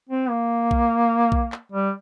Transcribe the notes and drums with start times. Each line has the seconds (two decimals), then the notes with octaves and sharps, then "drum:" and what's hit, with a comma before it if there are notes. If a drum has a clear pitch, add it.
0.09 C4
0.30 A#3
0.71 drum: kick B1
1.32 drum: kick B1
1.52 drum: clap
1.72 G3